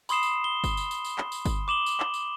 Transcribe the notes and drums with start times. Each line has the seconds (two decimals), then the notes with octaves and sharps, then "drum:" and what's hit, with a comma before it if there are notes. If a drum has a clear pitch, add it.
0.09 B5 C6 D#6 C7 E7, drum: tambourine
0.23 drum: tambourine
0.44 G7
0.64 drum: kick G1, tambourine
0.77 drum: tambourine
0.91 drum: tambourine
1.05 drum: tambourine
1.18 drum: clap
1.32 drum: tambourine
1.45 drum: kick G1, tambourine
1.68 D6 E7 F#7 G7
1.86 drum: tambourine
2.00 drum: clap
2.14 drum: tambourine